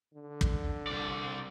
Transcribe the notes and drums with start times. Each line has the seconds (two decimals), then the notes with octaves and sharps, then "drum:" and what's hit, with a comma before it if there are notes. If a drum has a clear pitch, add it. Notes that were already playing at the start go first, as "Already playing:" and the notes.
0.14 D3
0.41 drum: kick
0.87 C2 D5